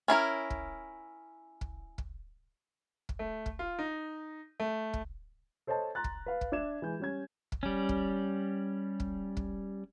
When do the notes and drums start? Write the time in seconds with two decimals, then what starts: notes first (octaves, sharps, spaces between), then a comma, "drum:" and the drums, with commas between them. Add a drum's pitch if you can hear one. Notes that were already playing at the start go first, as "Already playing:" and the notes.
0.08 C#4 E4 F4 A#4
0.50 drum: kick
1.61 drum: kick
1.98 drum: kick
3.09 drum: kick
3.19 A3
3.46 drum: kick
3.59 F4
3.79 D#4
4.60 A3
4.93 drum: kick
5.67 A4 C5 C#5 D#5 A5
5.95 A#5 C6 F#6 A6
6.04 drum: kick
6.26 B4 F5
6.41 drum: kick
6.52 D4 E5 G#6 E7
6.82 E3 G#3 G6
7.00 G3 C#4 G#6
7.52 drum: kick
7.63 G3 C#4
7.89 drum: kick
9.00 drum: kick
9.37 drum: kick